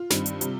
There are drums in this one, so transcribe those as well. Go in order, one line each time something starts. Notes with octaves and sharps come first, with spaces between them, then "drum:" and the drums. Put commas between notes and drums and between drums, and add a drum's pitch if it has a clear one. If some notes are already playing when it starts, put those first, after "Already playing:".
Already playing: F4
G2 D#3 G3 C4, drum: snare
drum: hi-hat
C3 G3, drum: hi-hat